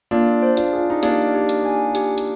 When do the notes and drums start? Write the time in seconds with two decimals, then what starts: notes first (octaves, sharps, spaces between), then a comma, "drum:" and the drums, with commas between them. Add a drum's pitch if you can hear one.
0.11 A#3 D4 F4
0.42 C5
0.57 D4 F4, drum: hi-hat
0.73 F4 G#4
0.90 D#4
1.03 A#3 D4 G4, drum: hi-hat
1.34 G4
1.49 drum: hi-hat
1.65 G#5
1.95 G4, drum: hi-hat
2.18 drum: hi-hat